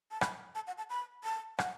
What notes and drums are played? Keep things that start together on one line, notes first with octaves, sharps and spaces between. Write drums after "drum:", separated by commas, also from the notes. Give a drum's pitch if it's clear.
A5
B5, drum: rim click
A5
F#5
A5
B5
A5
F#5, drum: rim click